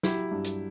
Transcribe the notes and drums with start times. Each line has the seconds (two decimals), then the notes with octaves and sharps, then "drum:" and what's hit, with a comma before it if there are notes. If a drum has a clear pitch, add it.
0.03 F#3 E4 G4, drum: snare
0.31 G2
0.44 drum: hi-hat